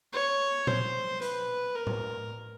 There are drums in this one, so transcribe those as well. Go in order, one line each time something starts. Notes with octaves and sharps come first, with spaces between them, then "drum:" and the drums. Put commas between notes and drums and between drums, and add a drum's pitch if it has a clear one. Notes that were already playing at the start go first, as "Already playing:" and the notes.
C#5
C5, drum: tom A#2
B4, drum: hi-hat
A#4
drum: tom A2